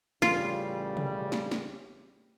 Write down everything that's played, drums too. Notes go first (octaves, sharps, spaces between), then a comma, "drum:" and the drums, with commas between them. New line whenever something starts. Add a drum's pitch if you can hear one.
A1 C#3 G3 F4, drum: snare
drum: tom
drum: snare
drum: snare